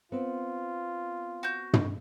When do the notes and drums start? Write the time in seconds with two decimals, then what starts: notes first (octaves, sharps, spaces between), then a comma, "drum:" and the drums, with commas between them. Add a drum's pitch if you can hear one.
0.12 B3 C4 F4
1.43 F#4 G6
1.73 drum: tom